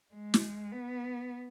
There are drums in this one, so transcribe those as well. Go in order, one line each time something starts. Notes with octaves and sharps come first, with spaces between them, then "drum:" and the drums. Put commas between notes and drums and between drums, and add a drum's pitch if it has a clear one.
G#3
drum: snare
B3